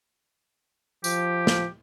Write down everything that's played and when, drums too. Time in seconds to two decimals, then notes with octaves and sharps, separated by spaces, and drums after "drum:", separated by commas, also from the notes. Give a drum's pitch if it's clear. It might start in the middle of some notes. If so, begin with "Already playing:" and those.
1.04 F3 G4, drum: tambourine
1.47 drum: snare